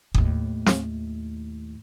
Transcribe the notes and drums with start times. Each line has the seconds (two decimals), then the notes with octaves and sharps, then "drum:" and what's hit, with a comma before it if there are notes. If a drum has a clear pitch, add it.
0.14 D#2 A2, drum: kick G1
0.66 drum: snare